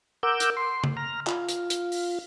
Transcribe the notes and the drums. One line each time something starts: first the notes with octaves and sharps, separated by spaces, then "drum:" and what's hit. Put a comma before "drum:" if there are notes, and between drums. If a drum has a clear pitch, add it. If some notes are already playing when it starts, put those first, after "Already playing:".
A#4 F#5 D6 E6 G6
drum: hi-hat
C6
drum: tom C#3
A#5 F6
F4, drum: clap
drum: hi-hat
drum: hi-hat
drum: open hi-hat